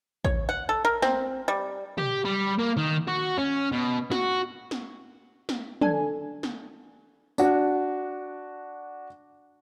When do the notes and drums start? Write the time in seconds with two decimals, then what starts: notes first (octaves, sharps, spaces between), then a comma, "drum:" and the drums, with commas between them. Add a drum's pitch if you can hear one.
0.25 C#5, drum: kick A1
0.49 F#5
0.69 A4
0.85 A#4
1.02 C4, drum: snare
1.48 G3
1.98 G4, drum: tom
2.25 G3
2.59 A#3
2.77 D#3
3.07 F#4
3.38 C#4
3.72 B2
4.12 F#4, drum: snare
4.71 drum: snare
5.49 drum: snare
5.81 D4 A4 G#5, drum: tom
6.43 drum: snare
7.38 D4 F#4, drum: tambourine